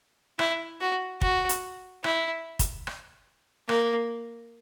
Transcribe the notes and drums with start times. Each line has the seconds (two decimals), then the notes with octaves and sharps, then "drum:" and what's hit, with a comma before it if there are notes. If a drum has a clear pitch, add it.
0.39 E4, drum: rim click
0.81 F#4
1.21 F#4, drum: kick
1.49 drum: hi-hat
2.04 E4, drum: rim click
2.59 drum: kick, hi-hat
2.87 drum: rim click
3.69 A#3, drum: rim click